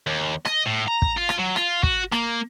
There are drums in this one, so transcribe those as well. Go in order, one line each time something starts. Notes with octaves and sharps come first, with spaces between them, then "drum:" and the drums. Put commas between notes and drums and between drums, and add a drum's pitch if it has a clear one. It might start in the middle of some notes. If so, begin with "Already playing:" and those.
D#2
D#5, drum: rim click
A2
A#5
drum: kick
F4
drum: rim click
F#3
F4, drum: rim click
F#4, drum: kick
A#3, drum: rim click